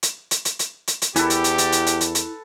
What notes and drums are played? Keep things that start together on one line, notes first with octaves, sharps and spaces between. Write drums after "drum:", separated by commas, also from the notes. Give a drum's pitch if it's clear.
drum: hi-hat
drum: hi-hat
drum: hi-hat
drum: hi-hat
drum: hi-hat
drum: hi-hat
E2 E4 G4 A4 B4 G#5, drum: hi-hat
drum: hi-hat
drum: hi-hat
drum: hi-hat
drum: hi-hat
drum: hi-hat
drum: hi-hat
drum: hi-hat